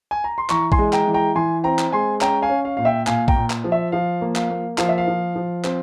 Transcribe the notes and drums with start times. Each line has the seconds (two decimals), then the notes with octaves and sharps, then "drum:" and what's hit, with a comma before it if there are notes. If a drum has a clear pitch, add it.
0.11 G#5
0.24 A#5
0.38 C6
0.49 E3 A#5 C#6, drum: clap
0.72 G#5 C6, drum: kick
0.79 G#3
0.93 G5 A#5, drum: clap
1.08 E3
1.14 G5 A#5
1.35 E3 G#5 C6
1.64 C4 G5 A#5
1.79 drum: clap
1.93 G#3 G#5 C6
2.21 C#4 G5 A#5, drum: clap
2.42 F5 G#5
2.49 C#4
2.65 F5
2.77 A#2 F5
2.85 E5 G5
3.07 A#2 F5 G#5, drum: clap
3.28 G5 A#5, drum: kick
3.36 A#2
3.50 drum: clap
3.64 F3
3.72 E5
3.92 F3 F5
4.22 A#3
4.35 F5, drum: clap
4.50 A#3
4.78 F3 F5, drum: clap
4.89 E5
4.98 F5
5.08 F3
5.36 F3
5.64 C4, drum: clap